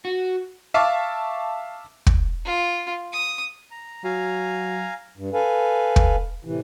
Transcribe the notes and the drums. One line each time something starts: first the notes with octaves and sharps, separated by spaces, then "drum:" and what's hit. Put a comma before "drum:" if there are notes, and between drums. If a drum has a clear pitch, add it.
F#4
E5 F5 A5 C#6 D6
drum: kick
F4
D#6
A#5
F#3 F5 G#5 A#5
G2
A4 B4 F5 G#5
drum: kick
A2 C3 E3